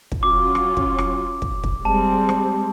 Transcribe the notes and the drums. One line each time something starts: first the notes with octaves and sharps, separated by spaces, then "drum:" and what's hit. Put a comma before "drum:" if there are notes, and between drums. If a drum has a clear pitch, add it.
drum: kick
F#3 C#4 F4 D6
drum: rim click
drum: kick
drum: rim click
drum: kick
drum: kick
G3 G#3 C4 A5
drum: rim click